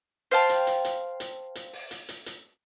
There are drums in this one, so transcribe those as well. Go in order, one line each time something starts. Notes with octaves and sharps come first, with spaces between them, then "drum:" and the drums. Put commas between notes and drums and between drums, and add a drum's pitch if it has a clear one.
C5 F5 G5 A5, drum: open hi-hat
drum: hi-hat
drum: hi-hat
drum: hi-hat
drum: hi-hat
drum: hi-hat
drum: open hi-hat
drum: hi-hat
drum: hi-hat
drum: hi-hat